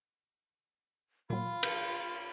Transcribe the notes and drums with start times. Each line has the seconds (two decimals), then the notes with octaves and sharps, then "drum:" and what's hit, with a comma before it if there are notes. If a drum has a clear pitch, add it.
1.30 A#2 F#3 F4 B5
1.63 drum: cymbal